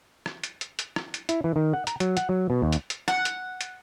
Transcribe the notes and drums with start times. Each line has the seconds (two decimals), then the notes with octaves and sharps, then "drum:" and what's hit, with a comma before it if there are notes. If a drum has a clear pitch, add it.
0.26 drum: rim click
0.43 drum: hi-hat
0.61 drum: hi-hat
0.79 drum: hi-hat
0.96 drum: rim click
1.14 drum: hi-hat
1.29 E4, drum: hi-hat
1.44 E3
1.56 D#3
1.73 F#5
1.87 A#5, drum: hi-hat
2.00 F#3, drum: hi-hat
2.17 F#5, drum: hi-hat
2.29 F#3
2.50 B2
2.62 D#2
2.73 drum: hi-hat
2.90 drum: hi-hat
3.08 F#5, drum: rim click
3.25 drum: hi-hat
3.61 drum: hi-hat